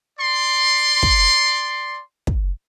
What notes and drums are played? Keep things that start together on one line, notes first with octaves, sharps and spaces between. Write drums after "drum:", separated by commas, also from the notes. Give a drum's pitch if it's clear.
D5 C6
drum: kick
drum: kick